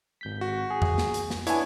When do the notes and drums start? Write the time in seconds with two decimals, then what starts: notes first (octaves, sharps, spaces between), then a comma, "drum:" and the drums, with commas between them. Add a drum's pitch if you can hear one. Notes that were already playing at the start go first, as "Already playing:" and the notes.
0.21 G#1 G6 B6
0.41 F#4
0.70 G#4
0.82 drum: tom F2
0.98 drum: snare
1.14 drum: hi-hat
1.30 drum: snare
1.47 B3 D4 E4 C#5 G#5, drum: hi-hat